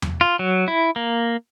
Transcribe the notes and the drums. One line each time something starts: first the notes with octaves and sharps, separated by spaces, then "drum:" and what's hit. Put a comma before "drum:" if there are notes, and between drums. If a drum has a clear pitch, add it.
drum: tom E2
F4
F#3
E4
A#3